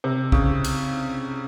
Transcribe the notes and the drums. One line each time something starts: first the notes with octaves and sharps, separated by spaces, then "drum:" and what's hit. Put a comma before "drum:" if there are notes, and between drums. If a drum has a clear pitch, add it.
C3
C#3, drum: kick B1
drum: cymbal